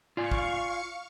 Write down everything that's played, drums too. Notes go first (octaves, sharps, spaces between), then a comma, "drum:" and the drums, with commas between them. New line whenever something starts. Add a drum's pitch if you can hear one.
F4 D5 F5 G#5 C#6
drum: kick G#1